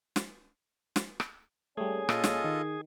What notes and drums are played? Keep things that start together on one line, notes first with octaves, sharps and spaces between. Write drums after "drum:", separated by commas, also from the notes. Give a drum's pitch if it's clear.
drum: snare
drum: snare
drum: rim click
G3 A3 A#3 C#4 G#4
A#2 F4 A4 D#5, drum: rim click
drum: snare
D#3